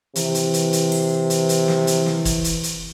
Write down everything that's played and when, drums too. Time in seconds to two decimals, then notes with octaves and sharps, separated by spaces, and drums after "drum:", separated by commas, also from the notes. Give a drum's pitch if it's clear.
0.15 C3 E3, drum: hi-hat
0.35 drum: hi-hat
0.54 drum: hi-hat
0.73 drum: hi-hat
0.92 drum: open hi-hat
1.30 drum: hi-hat
1.49 drum: hi-hat
1.68 drum: snare
1.87 drum: hi-hat
2.06 drum: snare
2.25 drum: kick, hi-hat
2.44 drum: hi-hat
2.63 drum: hi-hat